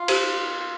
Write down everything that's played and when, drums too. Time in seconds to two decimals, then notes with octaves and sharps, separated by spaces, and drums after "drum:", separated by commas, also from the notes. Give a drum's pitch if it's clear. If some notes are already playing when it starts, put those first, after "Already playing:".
Already playing: F4
0.08 G4 C5, drum: cymbal